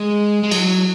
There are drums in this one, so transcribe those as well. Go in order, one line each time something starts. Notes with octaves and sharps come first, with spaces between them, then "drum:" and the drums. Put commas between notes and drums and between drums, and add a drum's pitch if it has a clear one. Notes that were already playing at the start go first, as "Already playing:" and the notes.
Already playing: G#3
G#3
F#3, drum: cymbal